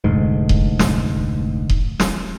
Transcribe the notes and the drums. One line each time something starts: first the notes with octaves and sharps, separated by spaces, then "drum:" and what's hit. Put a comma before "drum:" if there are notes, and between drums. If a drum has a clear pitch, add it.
F1 D2 G#2
drum: kick D#1
drum: snare
drum: kick D#1
drum: snare